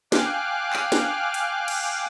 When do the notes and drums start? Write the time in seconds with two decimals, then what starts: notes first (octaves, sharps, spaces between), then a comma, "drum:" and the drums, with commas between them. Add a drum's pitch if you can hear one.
0.12 F5 G5 G#5 D6 F6 F#6, drum: snare
0.73 drum: clap
0.92 drum: snare
1.34 drum: hi-hat
1.68 drum: cymbal